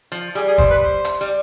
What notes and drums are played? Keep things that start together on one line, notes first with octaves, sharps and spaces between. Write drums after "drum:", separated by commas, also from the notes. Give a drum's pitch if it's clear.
F3
G3 G#4
G#4
C5, drum: kick
B4
C5
drum: hi-hat
G3